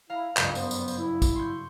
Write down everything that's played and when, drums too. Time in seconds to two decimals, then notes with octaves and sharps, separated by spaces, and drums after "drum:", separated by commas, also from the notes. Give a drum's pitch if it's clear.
0.10 E4 F5 A#5
0.37 F#1 C#2 G2, drum: clap
0.55 B3 C5, drum: tambourine
0.71 drum: tambourine
0.88 drum: tambourine
0.98 E4
1.22 drum: kick, tambourine
1.36 C6 C#6 G6